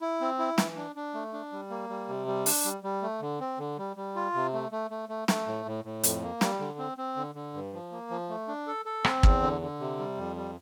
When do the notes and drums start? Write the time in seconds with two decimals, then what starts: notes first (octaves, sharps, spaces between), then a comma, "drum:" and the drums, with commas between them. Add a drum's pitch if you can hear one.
0.01 E4
0.21 C4
0.39 E4
0.58 E3, drum: snare
0.76 D4
0.96 D4
1.14 A3
1.33 D4
1.52 G3
1.70 A#3
1.89 G3
2.09 C3
2.27 G3
2.46 D4, drum: open hi-hat
2.65 G3
2.83 G3
3.02 A3
3.21 D3
3.40 C4
3.59 D3
3.78 G3
3.97 G3
4.15 F4
4.34 C3
4.53 A3
4.72 A3
4.91 A3
5.09 A3
5.28 A3, drum: snare
5.47 A2
5.66 A2
5.85 A2
6.03 F2, drum: hi-hat
6.22 A#3
6.41 G3, drum: snare
6.60 D3
6.79 C4
6.98 C4
7.17 D3
7.35 D3
7.54 G2
7.73 F3
7.92 A#3
8.10 F3
8.29 A3
8.48 D4
8.67 A4
8.85 A4
9.04 C4, drum: rim click
9.23 E2, drum: kick
9.42 D3
9.61 D3
9.80 C3
9.99 G3
10.17 F2
10.36 G3